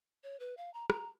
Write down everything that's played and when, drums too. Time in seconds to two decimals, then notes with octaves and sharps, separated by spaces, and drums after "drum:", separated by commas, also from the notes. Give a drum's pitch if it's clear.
0.24 C#5
0.40 B4
0.57 F5
0.74 A#5
0.90 A#5, drum: rim click